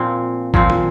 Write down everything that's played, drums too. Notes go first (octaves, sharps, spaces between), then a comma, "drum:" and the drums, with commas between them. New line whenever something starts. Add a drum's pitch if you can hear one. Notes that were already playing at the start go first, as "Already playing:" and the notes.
Already playing: A#2 F3 C4
A#2 F3 C4, drum: kick G#1
drum: tom